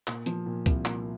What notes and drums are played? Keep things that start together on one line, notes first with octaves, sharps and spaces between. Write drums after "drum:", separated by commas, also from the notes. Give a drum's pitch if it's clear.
A#2, drum: clap
F3, drum: hi-hat
A#2
C2, drum: kick, hi-hat
A#2, drum: clap